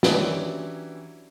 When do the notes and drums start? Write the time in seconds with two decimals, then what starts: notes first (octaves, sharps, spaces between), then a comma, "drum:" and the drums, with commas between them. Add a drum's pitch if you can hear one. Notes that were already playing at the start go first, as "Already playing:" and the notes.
0.03 E3 F#3 C#4 D4 E4 G4, drum: snare